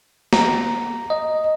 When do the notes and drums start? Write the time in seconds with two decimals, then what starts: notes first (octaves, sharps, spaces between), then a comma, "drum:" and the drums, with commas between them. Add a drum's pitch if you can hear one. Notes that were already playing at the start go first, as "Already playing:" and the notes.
0.33 A#5, drum: snare
1.10 D#5